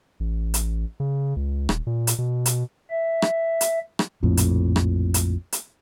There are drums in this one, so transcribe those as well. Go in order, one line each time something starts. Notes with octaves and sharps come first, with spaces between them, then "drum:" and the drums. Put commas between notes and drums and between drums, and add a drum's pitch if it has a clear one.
A1
drum: hi-hat
C#3
C#2
D#1, drum: rim click
A#2
drum: hi-hat
B2
drum: hi-hat
E5
drum: rim click
drum: hi-hat
drum: rim click
A#1 F2 A2
drum: hi-hat
drum: rim click
drum: hi-hat
drum: hi-hat